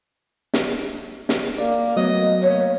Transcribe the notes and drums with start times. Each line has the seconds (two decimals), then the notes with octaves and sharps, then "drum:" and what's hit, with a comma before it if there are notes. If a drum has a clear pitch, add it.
0.54 drum: snare
1.29 drum: snare
1.58 A#3 D5
1.97 F#3 A3 B3 D#5
2.42 A#3 C#5